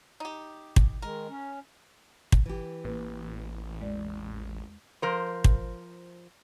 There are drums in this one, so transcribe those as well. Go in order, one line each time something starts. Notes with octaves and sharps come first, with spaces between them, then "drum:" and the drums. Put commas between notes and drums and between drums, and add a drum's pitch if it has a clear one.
D#4 G4
drum: kick
D#3 G#3 A#4
C#4
drum: kick
E3 G4
A1 A#3 B4
E2 G#3 D5
F3 A#4 C5
drum: kick